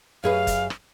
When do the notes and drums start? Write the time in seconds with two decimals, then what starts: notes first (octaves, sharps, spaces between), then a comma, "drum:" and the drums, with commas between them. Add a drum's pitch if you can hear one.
0.24 F#2 G#4 B4 F5
0.47 drum: kick F#1, hi-hat
0.70 drum: rim click